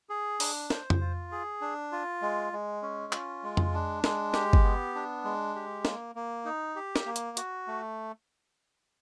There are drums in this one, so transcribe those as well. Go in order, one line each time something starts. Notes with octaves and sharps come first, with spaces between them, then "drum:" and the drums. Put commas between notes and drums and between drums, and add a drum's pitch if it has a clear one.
G#4
D4, drum: open hi-hat
C5, drum: snare
drum: tom F2
F4
G#4
D4
F4
G#3
G#3
C#4
F4, drum: clap
G#3
drum: tom F2
D4
G#3, drum: snare
G4, drum: snare
drum: kick G1
B3
D4
G#3
G4
A#3, drum: snare
A#3
D#4
G4
drum: snare
A#3
drum: hi-hat
F#4, drum: hi-hat
A3